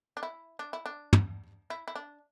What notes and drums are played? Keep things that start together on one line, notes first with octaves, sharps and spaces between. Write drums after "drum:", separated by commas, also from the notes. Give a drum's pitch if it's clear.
D4
E4
D4
E4
D4
drum: tom
E4
E4
D4